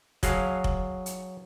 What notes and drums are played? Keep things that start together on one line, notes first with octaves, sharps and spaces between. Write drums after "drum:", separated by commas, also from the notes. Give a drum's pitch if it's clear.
F#3 G#4 F5, drum: kick F1, hi-hat
drum: kick F1
drum: hi-hat